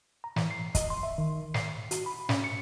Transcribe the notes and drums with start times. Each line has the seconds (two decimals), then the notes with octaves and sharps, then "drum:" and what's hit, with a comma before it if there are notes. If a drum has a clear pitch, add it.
0.24 A#5
0.36 E3, drum: snare
0.50 C7
0.75 D#5, drum: kick, hi-hat
0.90 C6
1.03 E5
1.18 D#3
1.54 C7, drum: snare
1.91 F#4, drum: hi-hat
2.06 B5
2.29 C#4, drum: snare
2.44 C#7